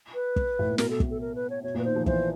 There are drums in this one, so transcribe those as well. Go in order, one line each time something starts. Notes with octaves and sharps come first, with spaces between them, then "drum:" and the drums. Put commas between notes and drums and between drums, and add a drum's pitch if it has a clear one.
B4
drum: kick
A2
A#2
B2 A#4, drum: snare
A4
drum: kick
A4
A#4
B4
C#5
B2 C#5
A#2 B4
D#3 C5
F3
E3 C5, drum: kick